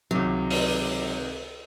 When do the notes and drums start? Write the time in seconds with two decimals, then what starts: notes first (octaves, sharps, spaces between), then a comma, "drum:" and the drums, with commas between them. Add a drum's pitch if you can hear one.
0.11 C#2 C3 D#3 F#3
0.50 drum: open hi-hat